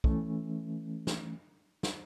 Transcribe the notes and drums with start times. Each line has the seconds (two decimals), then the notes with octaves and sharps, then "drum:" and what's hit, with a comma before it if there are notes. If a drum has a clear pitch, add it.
0.04 E3 A3 C#4, drum: kick
1.07 drum: snare
1.83 drum: snare